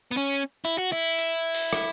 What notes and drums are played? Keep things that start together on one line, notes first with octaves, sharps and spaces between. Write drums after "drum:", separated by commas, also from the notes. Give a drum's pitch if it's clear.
B3
C#4
E4, drum: hi-hat
F#4
E4
drum: hi-hat
drum: open hi-hat
drum: rim click